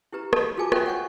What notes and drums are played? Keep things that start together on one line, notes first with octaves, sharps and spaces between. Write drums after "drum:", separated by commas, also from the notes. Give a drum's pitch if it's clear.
E4 G4 B4 A#5
A4 A#4 D5 D#5 A5, drum: rim click
F4 F#4 G#4 G#5 A5 D6
F4 A4 C5 C#5 E5 G5, drum: rim click
C#5 F#5 G#5 C#6